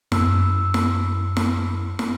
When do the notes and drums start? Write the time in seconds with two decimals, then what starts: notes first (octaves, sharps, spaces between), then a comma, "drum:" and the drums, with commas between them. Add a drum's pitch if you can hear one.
0.12 F#2 E6, drum: snare
0.74 drum: snare
1.37 drum: snare
1.99 drum: snare